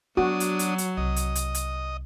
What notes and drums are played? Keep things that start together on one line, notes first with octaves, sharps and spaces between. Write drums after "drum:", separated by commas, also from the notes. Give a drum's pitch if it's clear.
F#3 B3 D4 F#4 D#6
drum: hi-hat
drum: hi-hat
drum: hi-hat
C2 D#5
drum: hi-hat
drum: hi-hat
drum: hi-hat